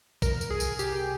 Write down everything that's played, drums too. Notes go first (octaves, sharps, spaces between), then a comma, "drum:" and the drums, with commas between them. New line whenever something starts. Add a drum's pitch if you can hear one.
C2 A#4, drum: kick, tambourine
drum: tambourine
C2 G#4
drum: tambourine
C3 G4, drum: tambourine
G4